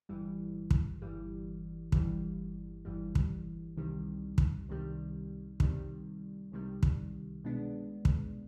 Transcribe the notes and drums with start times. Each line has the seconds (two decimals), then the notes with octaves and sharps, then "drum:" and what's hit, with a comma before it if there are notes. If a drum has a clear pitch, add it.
0.09 G1 G2 E3 G3
0.71 drum: kick
1.02 G1 G2 E3 G3
1.92 G1 G2 E3 G3, drum: kick
2.85 G1 G2 E3 G3
3.15 drum: kick
3.77 C2 C3 D#3 G3
4.38 drum: kick
4.69 C2 C3 D#3 G3
5.60 C2 C3 D#3 G3, drum: kick
6.52 C2 C3 D#3 G3
6.83 drum: kick
7.44 B2 G#3 B3 D4
8.05 drum: kick